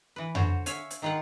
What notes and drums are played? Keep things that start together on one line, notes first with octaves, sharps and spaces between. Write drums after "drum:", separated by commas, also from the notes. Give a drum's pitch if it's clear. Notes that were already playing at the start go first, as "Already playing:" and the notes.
E3 B4
D3 F#4 C5 C#5, drum: tom F2
C#5 E5 F5 G#5, drum: hi-hat
drum: hi-hat
D#3 D#4 F4 G#4 F#5